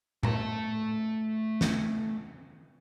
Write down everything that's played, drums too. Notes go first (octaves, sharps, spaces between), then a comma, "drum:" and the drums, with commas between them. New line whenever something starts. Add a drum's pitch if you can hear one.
A3 A5, drum: tom A2
drum: snare